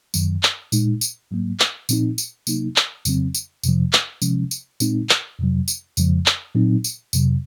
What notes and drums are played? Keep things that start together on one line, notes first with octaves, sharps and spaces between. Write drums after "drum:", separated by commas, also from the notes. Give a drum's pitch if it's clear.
F#2 D#3 F#3, drum: tambourine
drum: clap
A#2 G#3 D#4, drum: tambourine
drum: tambourine
G#2 F#3 A#3
drum: clap
A#2 F3 C4 D#4, drum: tambourine
drum: tambourine
C3 F#3 A#3 D#4, drum: tambourine
drum: clap
F2 C#3 F#3 C4, drum: tambourine
drum: tambourine
F2 C3 F3, drum: tambourine
drum: clap
C3 F3 G#3 C#4, drum: tambourine
drum: tambourine
A#2 G#3 C4 D#4, drum: tambourine
drum: clap
F2 C3 F#3
drum: tambourine
F2 C#3 F3 G#3, drum: tambourine
drum: clap
A#2 F#3 C4 D#4
drum: tambourine
F2 C3 F#3, drum: tambourine